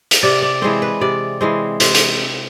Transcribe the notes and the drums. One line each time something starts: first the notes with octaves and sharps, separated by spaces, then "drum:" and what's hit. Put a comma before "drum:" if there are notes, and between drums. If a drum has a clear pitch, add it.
drum: hi-hat
C3 D5
D5
E3 G#3 C4 C5
B4
C3 D5
E3 G#3 C4
C3 C5, drum: hi-hat
drum: hi-hat